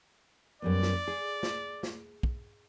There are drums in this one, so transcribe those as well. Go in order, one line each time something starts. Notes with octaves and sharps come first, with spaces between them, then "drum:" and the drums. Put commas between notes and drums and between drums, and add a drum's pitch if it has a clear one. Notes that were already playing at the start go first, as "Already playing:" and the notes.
F#2 G3 B3 D5
drum: snare
G#4
drum: snare
drum: snare
drum: kick